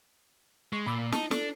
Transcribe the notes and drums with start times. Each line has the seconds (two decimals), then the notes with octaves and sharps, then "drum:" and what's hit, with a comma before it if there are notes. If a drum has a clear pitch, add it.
0.73 G#3 C#6
0.87 A#2 B5 D6 E6
1.12 D#4 A5, drum: snare
1.31 D4 A4, drum: snare